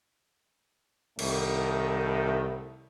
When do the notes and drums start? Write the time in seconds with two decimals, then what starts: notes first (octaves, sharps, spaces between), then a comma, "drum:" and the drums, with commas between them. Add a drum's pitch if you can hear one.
1.19 C2 A2 D#3 A3, drum: cymbal